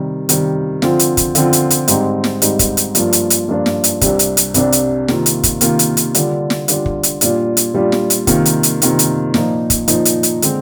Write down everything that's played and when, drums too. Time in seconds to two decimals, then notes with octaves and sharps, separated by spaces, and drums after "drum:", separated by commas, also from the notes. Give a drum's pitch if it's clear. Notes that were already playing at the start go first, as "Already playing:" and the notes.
Already playing: C3 D#3 G3
0.29 C3 D#3 G3, drum: hi-hat
0.82 D3 F3 C4 F4, drum: snare
0.99 drum: hi-hat
1.17 drum: kick, hi-hat
1.35 D3 F3 C4 F4, drum: hi-hat
1.53 drum: hi-hat
1.70 drum: hi-hat
1.88 G#2 G3 C4 D#4, drum: hi-hat
2.24 drum: snare
2.42 G#2 G3 C4 D#4, drum: hi-hat
2.59 drum: kick, hi-hat
2.77 drum: hi-hat
2.95 G2 F3 A#3 D4 F4, drum: hi-hat
3.13 drum: hi-hat
3.30 drum: hi-hat
3.48 G2 F3 A#3 D4 F4
3.66 drum: snare
3.84 drum: hi-hat
4.01 C2 C3 G3 D4, drum: kick, hi-hat
4.19 drum: hi-hat
4.37 drum: hi-hat
4.54 C2 C3 G3 D4, drum: hi-hat
4.72 drum: hi-hat
5.08 C3 D#3 A#3 F4, drum: snare
5.26 drum: hi-hat
5.43 drum: kick, hi-hat
5.61 C3 D#3 A#3 F4, drum: hi-hat
5.79 drum: hi-hat
5.97 drum: hi-hat
6.14 D3 G3 D4 F4, drum: hi-hat
6.50 drum: snare
6.68 D3 G3 D4 F4, drum: hi-hat
6.86 drum: kick
7.03 drum: hi-hat
7.21 A#2 G3 D4 F4, drum: hi-hat
7.57 drum: hi-hat
7.74 A#2 G3 D4 F4
7.92 drum: snare
8.10 drum: hi-hat
8.27 C3 D#3 A#3 F4, drum: kick, hi-hat
8.45 drum: hi-hat
8.63 drum: hi-hat
8.82 C3 D#3 A#3 F4, drum: hi-hat
8.99 drum: hi-hat
9.34 A#2 F3 A#3 D#4, drum: snare
9.70 drum: kick, hi-hat
9.88 A#2 F3 A#3 D#4, drum: hi-hat
10.05 drum: hi-hat
10.23 drum: hi-hat
10.42 D3 G#3 C4, drum: hi-hat